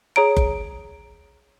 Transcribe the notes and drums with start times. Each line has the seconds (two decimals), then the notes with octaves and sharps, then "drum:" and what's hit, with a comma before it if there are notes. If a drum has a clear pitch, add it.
0.16 G#4 C#5 A#5 D7
0.37 drum: kick F#1